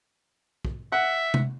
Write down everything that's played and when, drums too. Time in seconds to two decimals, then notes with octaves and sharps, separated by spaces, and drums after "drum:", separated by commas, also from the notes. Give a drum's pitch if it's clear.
0.65 drum: kick
0.92 E5 F#5
1.34 drum: tom C3